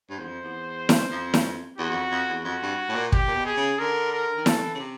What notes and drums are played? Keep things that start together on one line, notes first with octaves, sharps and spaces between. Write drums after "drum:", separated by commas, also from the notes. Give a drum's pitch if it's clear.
G2 C5
E2
F2
E2
drum: snare E4
F2
drum: snare E4
E2 F#4
E2
F2
F2
E2
F2 F#4
G2
A2
A#2
G4, drum: kick
A#2
B2
G#4
C#3
D3 A#4
A#4
D#3
E3 A4, drum: snare E4
C#3
C3